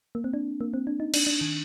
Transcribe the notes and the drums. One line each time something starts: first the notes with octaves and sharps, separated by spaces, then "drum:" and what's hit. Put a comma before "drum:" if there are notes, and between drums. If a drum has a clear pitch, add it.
A#3
C4
D4
A#3
C4
D4
D#4
D4, drum: cymbal
D4
D#3